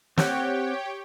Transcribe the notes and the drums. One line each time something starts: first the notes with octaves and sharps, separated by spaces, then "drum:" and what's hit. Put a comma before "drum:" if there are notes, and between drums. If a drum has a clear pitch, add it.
C4 G4 C#5 F#5 G5, drum: snare